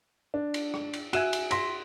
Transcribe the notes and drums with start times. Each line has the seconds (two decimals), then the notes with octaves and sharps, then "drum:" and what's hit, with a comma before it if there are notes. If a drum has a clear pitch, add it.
0.34 D4
0.54 drum: cymbal
0.74 drum: rim click
0.93 drum: cymbal
1.13 F#4 E5 G#5 F#6 D#7 E7, drum: cymbal
1.33 drum: cymbal
1.51 C6 A#6 B6, drum: cymbal